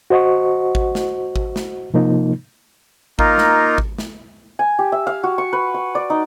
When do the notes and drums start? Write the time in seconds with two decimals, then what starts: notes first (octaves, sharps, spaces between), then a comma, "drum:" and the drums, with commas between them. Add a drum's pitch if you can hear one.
0.10 F#4 C5 D#5 F#5 C#6
0.75 drum: kick G#1
0.95 drum: snare
1.36 drum: kick G#1
1.56 drum: snare
1.94 C3 F3 A#3 D#4
3.19 A#3 D#4 F4, drum: kick G#1
3.38 drum: snare
3.78 drum: kick G#1
3.98 drum: snare
4.59 G#5
4.79 G4
4.92 E5
5.07 F5
5.24 F#4
5.38 C#6
5.53 B4
5.74 C#6
5.95 D5
6.10 D#4